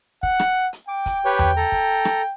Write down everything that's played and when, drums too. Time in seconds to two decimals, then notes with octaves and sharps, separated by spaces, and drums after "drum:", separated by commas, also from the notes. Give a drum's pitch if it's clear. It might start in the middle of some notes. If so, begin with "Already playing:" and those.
0.23 F#5, drum: kick
0.40 drum: rim click
0.73 drum: hi-hat
0.88 G5 D6
1.06 drum: kick, hi-hat
1.25 G4 B4 C#5
1.39 drum: tom E2
1.57 A4 A#5
1.72 drum: kick
2.05 drum: rim click